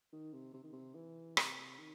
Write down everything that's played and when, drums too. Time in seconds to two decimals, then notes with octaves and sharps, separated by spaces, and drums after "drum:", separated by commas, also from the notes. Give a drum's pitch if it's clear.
0.12 D#3
0.33 C3
0.54 C3
0.64 D#3
0.73 C3
0.95 E3
1.37 C3, drum: rim click
1.79 D#3